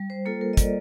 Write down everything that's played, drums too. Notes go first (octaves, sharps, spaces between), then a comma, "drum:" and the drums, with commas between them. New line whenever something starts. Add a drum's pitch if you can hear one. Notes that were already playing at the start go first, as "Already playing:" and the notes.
Already playing: G3
C5
A#3 F4 A4
A#4
D#5
G3 D5, drum: kick, hi-hat